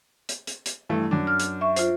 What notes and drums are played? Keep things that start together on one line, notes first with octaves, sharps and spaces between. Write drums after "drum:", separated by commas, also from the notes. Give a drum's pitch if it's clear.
drum: hi-hat
drum: hi-hat
drum: hi-hat
G2 E3 A3
F#2 D4
F6
drum: hi-hat
E5 C#6
F4 C5, drum: hi-hat